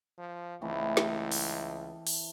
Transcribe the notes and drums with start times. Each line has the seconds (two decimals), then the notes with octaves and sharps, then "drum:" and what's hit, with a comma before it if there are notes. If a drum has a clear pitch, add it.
0.18 F3
0.61 C#2 E3 A3 C4
0.97 drum: snare
1.32 drum: open hi-hat
2.07 drum: open hi-hat